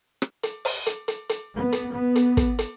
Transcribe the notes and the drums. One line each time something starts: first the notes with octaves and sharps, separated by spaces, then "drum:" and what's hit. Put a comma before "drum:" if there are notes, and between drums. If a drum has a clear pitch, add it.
drum: rim click
drum: hi-hat
drum: open hi-hat
drum: hi-hat
drum: hi-hat
drum: hi-hat
B3
drum: hi-hat
B3
drum: hi-hat
drum: kick, hi-hat
drum: hi-hat